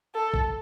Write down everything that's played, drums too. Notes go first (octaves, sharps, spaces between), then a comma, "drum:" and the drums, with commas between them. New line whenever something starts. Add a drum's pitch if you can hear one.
A4
drum: kick